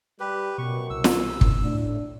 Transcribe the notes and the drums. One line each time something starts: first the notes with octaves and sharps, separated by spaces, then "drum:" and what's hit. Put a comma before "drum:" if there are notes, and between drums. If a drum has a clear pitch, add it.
G3 G4 B4
F#2 B2 C#6
C2 E6
drum: snare
drum: kick
A2 D4